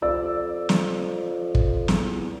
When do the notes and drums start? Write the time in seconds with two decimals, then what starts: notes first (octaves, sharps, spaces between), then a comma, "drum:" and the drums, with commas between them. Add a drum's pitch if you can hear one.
0.02 F2 D5 E6
0.69 drum: snare
1.55 drum: kick
1.88 E2, drum: snare